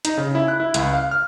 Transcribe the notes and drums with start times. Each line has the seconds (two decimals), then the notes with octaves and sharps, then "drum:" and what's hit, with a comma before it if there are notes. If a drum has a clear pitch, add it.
0.05 D#4, drum: hi-hat
0.17 C#3
0.35 E4
0.48 F#6
0.60 E4
0.74 C#2, drum: hi-hat
0.93 F5
1.11 F6